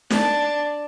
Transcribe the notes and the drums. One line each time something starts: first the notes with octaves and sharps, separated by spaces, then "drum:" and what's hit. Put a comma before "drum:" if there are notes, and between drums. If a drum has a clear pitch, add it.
D4, drum: snare